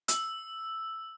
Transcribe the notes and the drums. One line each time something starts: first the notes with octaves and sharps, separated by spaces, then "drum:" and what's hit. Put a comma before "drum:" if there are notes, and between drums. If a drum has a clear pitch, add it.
E6, drum: hi-hat